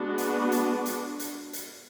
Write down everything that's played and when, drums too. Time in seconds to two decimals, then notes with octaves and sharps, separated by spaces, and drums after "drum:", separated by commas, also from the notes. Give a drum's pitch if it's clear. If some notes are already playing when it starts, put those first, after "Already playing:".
Already playing: G#3 B3 D4 F#4
0.18 drum: hi-hat
0.52 drum: hi-hat
0.86 drum: hi-hat
1.19 drum: hi-hat
1.53 drum: hi-hat